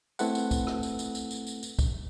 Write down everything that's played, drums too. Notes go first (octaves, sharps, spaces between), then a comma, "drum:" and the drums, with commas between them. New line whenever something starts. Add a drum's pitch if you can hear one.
A3 C4 E4 A4 B4 F#5, drum: tambourine
drum: tambourine
drum: kick, tambourine
drum: rim click
drum: tambourine
drum: tambourine
drum: tambourine
drum: tambourine
drum: tambourine
drum: tambourine
drum: kick, tambourine